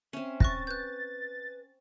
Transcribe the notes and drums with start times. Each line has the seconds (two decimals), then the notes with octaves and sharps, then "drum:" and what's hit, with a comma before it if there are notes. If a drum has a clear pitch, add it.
0.13 C4 C#4 E5
0.40 C#6 F#6 A6 A#6, drum: kick
0.67 B4 F#6 G6